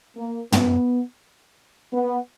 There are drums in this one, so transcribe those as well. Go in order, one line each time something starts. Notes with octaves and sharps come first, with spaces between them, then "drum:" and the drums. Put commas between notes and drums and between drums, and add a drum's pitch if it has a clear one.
A#3
B3, drum: tom
B3